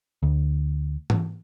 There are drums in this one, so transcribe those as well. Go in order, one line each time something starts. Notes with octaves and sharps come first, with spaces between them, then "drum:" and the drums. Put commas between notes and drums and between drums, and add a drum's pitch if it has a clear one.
D2
drum: tom